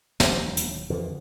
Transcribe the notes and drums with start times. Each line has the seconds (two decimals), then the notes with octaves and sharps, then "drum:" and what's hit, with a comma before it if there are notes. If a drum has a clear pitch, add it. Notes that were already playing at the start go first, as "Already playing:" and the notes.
0.20 E1 D#2 F#3, drum: snare
0.57 drum: hi-hat
0.90 F2 D3 E3 F3